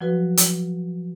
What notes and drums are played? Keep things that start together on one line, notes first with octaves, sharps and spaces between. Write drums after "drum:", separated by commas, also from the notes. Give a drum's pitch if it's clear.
F3 F#3 F#4 B4
drum: hi-hat